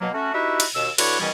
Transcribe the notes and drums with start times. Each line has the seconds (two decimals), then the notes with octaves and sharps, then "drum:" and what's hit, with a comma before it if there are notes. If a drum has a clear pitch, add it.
0.01 B2 F#3 A#3
0.14 A3 C#4 F#4
0.33 D#4 E4 F#4 G4 B4 E5
0.60 drum: cymbal
0.75 D#2 B2 E6
0.98 D3 E4 F#4 B4 C#5 D5, drum: cymbal
1.20 B2 D#3 E3 G3 C#4 G#4